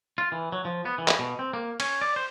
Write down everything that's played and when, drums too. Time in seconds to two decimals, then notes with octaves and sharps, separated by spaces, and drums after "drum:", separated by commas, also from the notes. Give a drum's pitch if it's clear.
0.18 F4
0.32 E3
0.52 F#3
0.65 F3
0.85 B3
0.98 E3
1.08 drum: clap
1.19 B2
1.39 C4
1.53 A#3
1.80 C#4, drum: cymbal
2.01 D5
2.16 C5